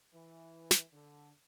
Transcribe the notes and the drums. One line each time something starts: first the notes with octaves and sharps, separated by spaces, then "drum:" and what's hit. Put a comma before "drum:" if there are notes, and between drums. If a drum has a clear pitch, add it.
E3
drum: snare
D3